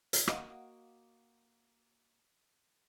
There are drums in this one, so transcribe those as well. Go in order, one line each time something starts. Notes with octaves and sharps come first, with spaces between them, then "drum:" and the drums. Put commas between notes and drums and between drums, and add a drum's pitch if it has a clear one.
drum: hi-hat
A#3 F#4 D#5 F5 F#5, drum: rim click